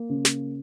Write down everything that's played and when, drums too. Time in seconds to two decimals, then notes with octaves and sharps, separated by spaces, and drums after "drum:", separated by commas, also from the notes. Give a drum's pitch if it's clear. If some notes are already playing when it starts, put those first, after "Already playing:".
Already playing: A#3
0.09 C#3
0.25 drum: snare